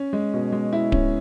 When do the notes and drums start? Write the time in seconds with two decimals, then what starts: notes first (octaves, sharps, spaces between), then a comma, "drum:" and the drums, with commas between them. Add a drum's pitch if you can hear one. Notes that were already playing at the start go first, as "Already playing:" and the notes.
Already playing: C#4
0.13 G#3
0.34 B2
0.52 G#3
0.73 E4
0.92 C#4, drum: kick D1